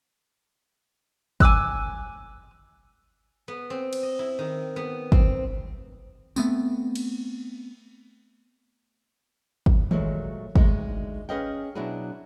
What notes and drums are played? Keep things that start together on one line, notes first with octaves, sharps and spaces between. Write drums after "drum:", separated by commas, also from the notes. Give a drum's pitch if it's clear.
G#5 D6 E6 F#6, drum: kick
B3
C4
drum: cymbal
D#5
E4
D#3
B3
C4, drum: kick
A3 B3 C4, drum: tambourine
drum: cymbal
drum: kick
A#2 F#3 G#3 A3, drum: tom D#3
D2 G#2 G#3 D#4, drum: kick
C#4 G#4 B4 D#5 F5 G5
B2 F#3 D4 E4 F#4 G#4